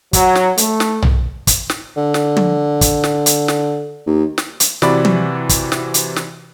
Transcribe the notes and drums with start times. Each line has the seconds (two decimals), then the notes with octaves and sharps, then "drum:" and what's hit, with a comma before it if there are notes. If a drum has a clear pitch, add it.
0.13 F#3, drum: kick, hi-hat
0.35 drum: snare
0.58 A3, drum: hi-hat
0.80 drum: snare
1.02 drum: tom
1.47 drum: kick, hi-hat
1.70 drum: snare
1.97 D3
2.14 drum: snare
2.37 drum: tom
2.81 drum: kick, hi-hat
3.04 drum: snare
3.26 drum: hi-hat
3.48 drum: snare
4.06 D#2
4.38 drum: snare
4.60 drum: hi-hat
4.82 C3 E3 F#4 B4 D5 B5, drum: snare
5.05 drum: tom
5.49 drum: kick, hi-hat
5.72 drum: snare
5.94 drum: hi-hat
6.16 drum: snare